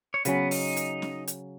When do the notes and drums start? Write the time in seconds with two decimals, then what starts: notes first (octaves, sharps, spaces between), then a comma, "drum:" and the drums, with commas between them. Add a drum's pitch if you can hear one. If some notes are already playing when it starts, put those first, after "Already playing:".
0.14 C#5
0.25 C#3 F#3 B3 C#4 B4, drum: hi-hat
0.51 D#4 D#5, drum: open hi-hat
0.77 drum: hi-hat
1.02 drum: snare C#4
1.28 drum: hi-hat